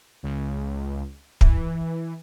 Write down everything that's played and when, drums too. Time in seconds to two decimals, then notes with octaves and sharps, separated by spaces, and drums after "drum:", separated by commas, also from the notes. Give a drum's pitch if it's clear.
0.23 C#2
1.41 E3, drum: kick